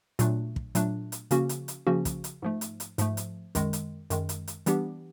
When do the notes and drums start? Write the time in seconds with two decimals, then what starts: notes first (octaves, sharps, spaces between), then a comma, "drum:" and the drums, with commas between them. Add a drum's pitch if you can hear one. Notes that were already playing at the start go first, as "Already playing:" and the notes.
0.19 A#2 F#3 A3 D4, drum: hi-hat
0.56 drum: kick
0.75 A#2 F#3 A3 D4, drum: hi-hat
1.12 drum: hi-hat
1.31 C#3 F3 A#3 C#4 F#4, drum: hi-hat
1.49 drum: hi-hat
1.68 drum: hi-hat
1.87 C#3 F3 A#3 C#4 F#4
2.05 drum: kick, hi-hat
2.24 drum: hi-hat
2.42 G#2 F3 A3
2.61 drum: hi-hat
2.80 drum: hi-hat
2.98 G#2 F3 A3, drum: hi-hat
3.17 drum: hi-hat
3.55 F#2 D#3 G#3, drum: kick, hi-hat
3.73 drum: hi-hat
4.10 F#2 D#3 G#3, drum: hi-hat
4.29 drum: hi-hat
4.48 drum: hi-hat
4.66 E3 G3 B3 D4 G4, drum: hi-hat